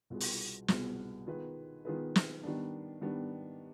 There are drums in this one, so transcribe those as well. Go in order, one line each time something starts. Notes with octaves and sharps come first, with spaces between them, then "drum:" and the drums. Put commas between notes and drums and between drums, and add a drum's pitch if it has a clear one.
C2 B2 B3 F4 G#4
drum: open hi-hat
C2 B2 B3 F4 G#4, drum: snare
D#3 B3 F4 G#4 B4
D#3 B3 F4 G#4 B4
drum: snare
D#3 G3 B3 D4
D#3 G3 B3 D4